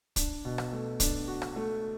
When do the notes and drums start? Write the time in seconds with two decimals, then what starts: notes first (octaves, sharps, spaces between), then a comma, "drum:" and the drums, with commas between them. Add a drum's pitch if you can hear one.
0.16 D4, drum: kick, hi-hat
0.45 B2
0.58 drum: rim click
0.72 A3
1.00 D4, drum: kick, hi-hat
1.28 F#4
1.42 drum: rim click
1.56 A3